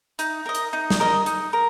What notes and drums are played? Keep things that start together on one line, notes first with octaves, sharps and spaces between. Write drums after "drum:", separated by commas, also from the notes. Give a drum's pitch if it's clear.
D#4, drum: hi-hat
A#4 D#5
drum: hi-hat
D#4
drum: snare
A#4 D#5
D#4, drum: hi-hat
A#4